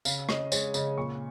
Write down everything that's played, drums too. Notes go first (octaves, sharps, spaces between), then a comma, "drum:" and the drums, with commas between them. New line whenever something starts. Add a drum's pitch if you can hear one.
C#3 F5, drum: tambourine
C#4 D#5, drum: rim click
G#3 C#5, drum: tambourine
C#3 D#5, drum: tambourine
A#2 C#6